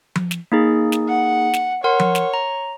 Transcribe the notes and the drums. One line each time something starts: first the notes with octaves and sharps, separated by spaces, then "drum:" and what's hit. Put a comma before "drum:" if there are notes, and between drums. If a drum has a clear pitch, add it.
drum: tom F3
drum: snare
A#3 D#4 G#4
drum: snare
F#5
drum: snare
A#4 C#5 F#5 C6
drum: tom F3
drum: snare
A#5